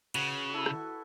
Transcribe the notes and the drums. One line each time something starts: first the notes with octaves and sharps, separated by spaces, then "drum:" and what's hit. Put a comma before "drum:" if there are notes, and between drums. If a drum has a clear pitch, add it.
C#3 F#4 B4, drum: cymbal
E4 F#4 A4
drum: rim click